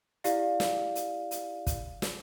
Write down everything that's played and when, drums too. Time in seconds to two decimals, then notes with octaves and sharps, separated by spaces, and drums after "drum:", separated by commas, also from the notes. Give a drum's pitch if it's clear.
0.24 E4 G4 D5 F5, drum: hi-hat
0.60 drum: snare
0.95 drum: hi-hat
1.31 drum: hi-hat
1.67 drum: kick, hi-hat
2.02 drum: snare